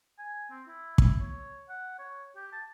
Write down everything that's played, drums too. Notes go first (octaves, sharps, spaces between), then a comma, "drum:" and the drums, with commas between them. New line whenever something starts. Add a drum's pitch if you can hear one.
G#5
C4
E4
drum: kick
C#5
F#5
C#5
G4
A5